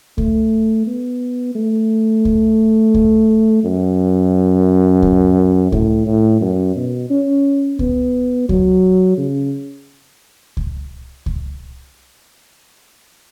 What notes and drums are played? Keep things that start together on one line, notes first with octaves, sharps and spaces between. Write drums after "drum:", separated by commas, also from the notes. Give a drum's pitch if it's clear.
A3, drum: kick C#2
B3
A3
drum: kick C#2
drum: kick C#2
F#2
drum: kick C#2
A2, drum: kick C#2
A2
F#2
B2
C#4
B3, drum: kick C#2
F#3, drum: kick C#2
C#3
drum: kick C#2
drum: kick C#2